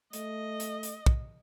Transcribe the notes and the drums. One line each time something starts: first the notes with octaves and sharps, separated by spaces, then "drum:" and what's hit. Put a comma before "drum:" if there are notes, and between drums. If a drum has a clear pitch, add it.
A3 D#5, drum: hi-hat
drum: hi-hat
drum: hi-hat
drum: kick